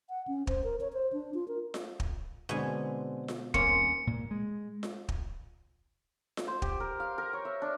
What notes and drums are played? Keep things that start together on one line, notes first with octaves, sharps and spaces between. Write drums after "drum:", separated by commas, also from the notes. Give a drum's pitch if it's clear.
F#5
C#4
C5, drum: kick
A#4
C#5
C5
D4
F4
A#4
drum: snare F4
drum: kick
B2 D3 G#3 C4 G#5
drum: snare F4
D#1 A#3 C4 C#4 C6 C#7, drum: kick
A#2
G#3
drum: snare F4
drum: kick
drum: snare F4
C5
G4, drum: kick
A#4
F5
A#4
C#5
E5
D4